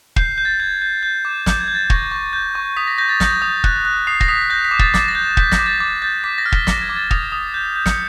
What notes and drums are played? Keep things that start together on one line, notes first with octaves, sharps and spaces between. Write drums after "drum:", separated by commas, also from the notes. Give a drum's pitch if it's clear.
G6 C7, drum: kick
G6
A6
G6 G#6
G6
G6
D6
D6 G6, drum: snare
G#6
G6
A6
C#6 A#6, drum: kick
C#6
G6
C#6
D#6 B6
A#6
G6 A#6
A6
G6 A#6, drum: snare
D#6
F#6, drum: kick
F#6
D#6 C7
A#6, drum: kick
D#6 B6
G6 A#6
B6
D6
A6, drum: kick
D6 A6, drum: snare
A#6
G6
G6 B6, drum: kick
A#6, drum: snare
D6
A6
D6 A6
G6 A6
D6 B6
A#6
F6
B6, drum: kick
D6 A#6, drum: snare
G#6
D6
A6
D#6 A#6, drum: kick
D#6
G6
G6
C#7, drum: snare